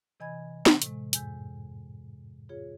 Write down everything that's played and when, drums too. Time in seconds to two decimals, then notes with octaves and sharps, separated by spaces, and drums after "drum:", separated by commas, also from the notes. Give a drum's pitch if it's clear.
0.20 C3 E3 D#5 G#5 B5 G#6
0.66 drum: snare
0.82 A2 C3 G#3, drum: hi-hat
1.13 F2 G#2 G#5 E6 G6, drum: hi-hat
2.49 F4 G#4 C#5